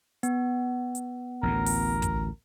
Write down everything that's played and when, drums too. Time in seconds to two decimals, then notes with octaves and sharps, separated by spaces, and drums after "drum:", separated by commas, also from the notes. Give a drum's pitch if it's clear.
0.23 B3, drum: hi-hat
0.95 drum: hi-hat
1.43 A1 D2 A2 A#4
1.66 drum: open hi-hat
2.02 drum: kick, hi-hat